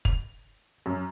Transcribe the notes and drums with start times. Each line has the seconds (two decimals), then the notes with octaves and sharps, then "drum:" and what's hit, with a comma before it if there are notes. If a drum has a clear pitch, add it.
0.05 F7, drum: kick
0.86 F#2